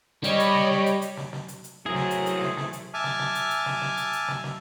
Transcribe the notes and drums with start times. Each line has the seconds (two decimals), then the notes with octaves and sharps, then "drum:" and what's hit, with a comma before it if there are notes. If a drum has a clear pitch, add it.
0.24 G3 C#5 D#5 B5, drum: hi-hat
0.39 drum: hi-hat
0.55 drum: snare
0.71 drum: snare
0.86 drum: hi-hat
1.02 drum: hi-hat
1.17 drum: snare
1.33 drum: snare
1.48 drum: hi-hat
1.64 drum: hi-hat
1.86 E3 F#3 A3 C4 E4 G#4 A#4
1.95 drum: snare
2.11 drum: hi-hat
2.26 drum: hi-hat
2.42 drum: snare
2.57 drum: snare
2.73 drum: hi-hat
2.94 E5 G#5 A5 D6 F6
3.04 drum: snare
3.19 drum: snare
3.35 drum: hi-hat
3.51 drum: hi-hat
3.66 drum: snare
3.82 drum: snare
3.97 drum: hi-hat
4.13 drum: hi-hat
4.28 drum: snare
4.44 drum: snare